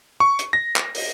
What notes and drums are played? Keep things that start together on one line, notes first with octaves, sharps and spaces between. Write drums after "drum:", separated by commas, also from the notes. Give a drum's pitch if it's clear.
C#6
drum: hi-hat
A#6
drum: clap
drum: open hi-hat